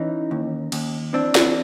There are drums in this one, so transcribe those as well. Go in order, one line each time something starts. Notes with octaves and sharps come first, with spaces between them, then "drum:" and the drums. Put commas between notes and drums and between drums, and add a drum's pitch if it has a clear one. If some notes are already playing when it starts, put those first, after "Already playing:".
Already playing: E3 C#4 D#4
D#2
D#2, drum: cymbal
E3 C4 D4
drum: snare